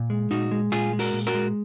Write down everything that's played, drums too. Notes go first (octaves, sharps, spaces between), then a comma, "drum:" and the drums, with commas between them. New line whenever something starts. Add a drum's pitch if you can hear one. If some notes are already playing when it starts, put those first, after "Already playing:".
Already playing: A#2
G#3
A#2 D#4 F#4
G#3
A#2 F4 G#4, drum: rim click
G#3
F#4 A#4, drum: open hi-hat
A#2
F#4 A#4, drum: rim click
G#3